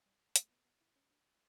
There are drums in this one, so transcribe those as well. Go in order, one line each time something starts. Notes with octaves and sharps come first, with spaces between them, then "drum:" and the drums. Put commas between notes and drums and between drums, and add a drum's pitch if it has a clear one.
G3
A3, drum: hi-hat
B3
B3
E4
C#4
D4